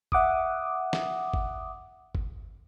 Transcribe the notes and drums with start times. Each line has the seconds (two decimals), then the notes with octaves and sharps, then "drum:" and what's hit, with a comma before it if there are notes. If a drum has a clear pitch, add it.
0.12 E5 F#5 D6 D#6, drum: kick
0.93 drum: snare
1.34 drum: kick
2.15 drum: kick